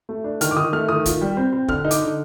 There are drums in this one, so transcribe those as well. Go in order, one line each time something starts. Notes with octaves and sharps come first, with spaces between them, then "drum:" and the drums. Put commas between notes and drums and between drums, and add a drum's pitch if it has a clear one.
A3
D4
D#3 F6, drum: hi-hat
D6
D#3 D#6
A3 F6
D#3 D#6
F4, drum: kick, hi-hat
G3
C4
C4
D3 F6, drum: kick
D#4
D6, drum: hi-hat
D3